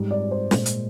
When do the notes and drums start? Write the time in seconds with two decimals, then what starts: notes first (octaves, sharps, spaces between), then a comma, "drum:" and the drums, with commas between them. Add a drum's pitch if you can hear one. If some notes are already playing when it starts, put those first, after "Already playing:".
Already playing: G#2 G3
0.11 D5
0.31 C5
0.51 A#2 G#3, drum: snare
0.66 drum: hi-hat